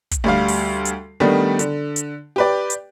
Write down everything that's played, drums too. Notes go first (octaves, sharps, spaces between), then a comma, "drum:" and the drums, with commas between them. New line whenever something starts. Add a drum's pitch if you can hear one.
drum: kick, hi-hat
D2 G3 F5
drum: open hi-hat
drum: hi-hat
D#3 G3 A3 B3 D4
D3, drum: hi-hat
drum: hi-hat
G4 B4 D5
drum: hi-hat